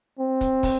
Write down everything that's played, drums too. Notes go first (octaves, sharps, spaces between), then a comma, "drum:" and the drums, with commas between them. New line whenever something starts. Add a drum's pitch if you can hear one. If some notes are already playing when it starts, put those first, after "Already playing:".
C4
drum: kick, hi-hat
drum: kick, open hi-hat